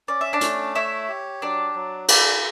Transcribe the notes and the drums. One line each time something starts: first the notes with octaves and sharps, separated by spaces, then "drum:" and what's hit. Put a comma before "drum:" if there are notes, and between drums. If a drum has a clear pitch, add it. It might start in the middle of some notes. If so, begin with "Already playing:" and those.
C#4 D5
E5
D4 D5
A3, drum: hi-hat
E4 C#5 E5
G4
F#3 D4 D5
F#3
D4 E4 D5, drum: cymbal